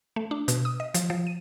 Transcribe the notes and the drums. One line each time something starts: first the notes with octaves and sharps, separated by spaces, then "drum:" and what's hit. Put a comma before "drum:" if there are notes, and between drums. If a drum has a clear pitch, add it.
A3
D4
B2, drum: hi-hat
D#6
D#5
F3, drum: hi-hat
F3
D#7